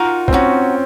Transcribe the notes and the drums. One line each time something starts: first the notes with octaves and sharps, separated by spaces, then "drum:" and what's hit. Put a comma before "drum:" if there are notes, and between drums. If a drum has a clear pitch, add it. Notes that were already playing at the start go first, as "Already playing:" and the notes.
Already playing: D#4 F4 F#4 A#4
C4, drum: kick
C#4 D#4 F#4